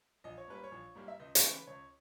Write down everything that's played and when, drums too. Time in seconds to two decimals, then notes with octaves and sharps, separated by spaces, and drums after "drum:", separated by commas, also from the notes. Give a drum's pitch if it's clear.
0.24 A#1 D#5
0.38 C#5
0.48 G#2 G3 A#3 B4
0.64 C#5
0.72 A#1
0.95 G#2 G3 A#3
1.08 E5
1.19 C#2 D#5
1.35 C#5, drum: hi-hat
1.44 C#3 E3 G#3
1.51 B4
1.67 C#2 C#5